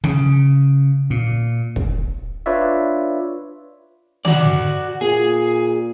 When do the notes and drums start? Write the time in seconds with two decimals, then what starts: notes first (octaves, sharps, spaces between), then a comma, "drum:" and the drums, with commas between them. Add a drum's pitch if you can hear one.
0.04 C#3, drum: snare
1.10 A#2
1.76 drum: kick
2.46 D4 F4 B4 C#5 D5 E5
4.25 F#4 D5, drum: tom
5.01 A#2 G#4